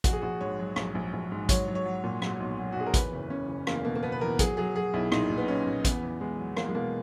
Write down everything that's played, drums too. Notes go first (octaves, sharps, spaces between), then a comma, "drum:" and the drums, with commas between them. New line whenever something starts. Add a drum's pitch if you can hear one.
A#1 F#4, drum: kick A1, hi-hat
G#4
A#1 F#4
G#2 C#5
F#3
A#1, drum: rim click
A#1
A#1
G#2
F#3 C#5, drum: kick A1, hi-hat
F#3
C#5
F#3
A#2
F#3, drum: rim click
B1
F#3
F#4
B1 G#4
A#4
E2 B4, drum: kick A1, hi-hat
F#1
F#1 C#4
F#1
E2 A#3, drum: rim click
B2 A#3
A#3
B2 B3
B4
E2 A#4
F#3 G#4, drum: kick A1, hi-hat
F#3 G#4
F#3 G#4
B1 E4
A#2 D#4, drum: rim click
A#2
B3
B1 C#4
A#2
E2 B3, drum: kick A1, hi-hat
E2
E2 G#3
F#3
E2 A#3, drum: rim click
G#3
B2 A#3